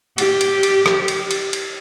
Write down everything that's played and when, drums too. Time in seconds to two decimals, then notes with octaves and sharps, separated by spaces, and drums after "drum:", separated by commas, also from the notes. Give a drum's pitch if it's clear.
0.18 G4, drum: cymbal
0.41 drum: cymbal
0.63 drum: cymbal
0.86 drum: rim click
1.08 drum: cymbal
1.31 drum: cymbal
1.53 drum: cymbal